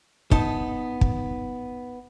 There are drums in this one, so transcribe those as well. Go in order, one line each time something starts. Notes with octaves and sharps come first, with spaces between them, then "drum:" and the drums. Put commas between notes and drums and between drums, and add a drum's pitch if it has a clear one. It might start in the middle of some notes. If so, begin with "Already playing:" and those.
B3 D#4 A5, drum: kick
drum: kick